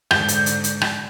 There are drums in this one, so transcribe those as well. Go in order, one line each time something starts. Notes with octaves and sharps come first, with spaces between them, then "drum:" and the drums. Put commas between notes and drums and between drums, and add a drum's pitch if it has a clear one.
G#2 D3 G6, drum: rim click
drum: hi-hat
drum: hi-hat
drum: hi-hat
drum: rim click